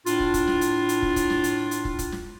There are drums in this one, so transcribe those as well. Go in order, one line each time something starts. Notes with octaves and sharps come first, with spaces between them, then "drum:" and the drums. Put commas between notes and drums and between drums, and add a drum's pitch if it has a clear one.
A2 D4 F4, drum: hi-hat
drum: kick
drum: kick, hi-hat
drum: snare
drum: hi-hat
drum: hi-hat
drum: kick
drum: kick, hi-hat
drum: snare
drum: hi-hat
drum: hi-hat
drum: kick
drum: kick, hi-hat
drum: snare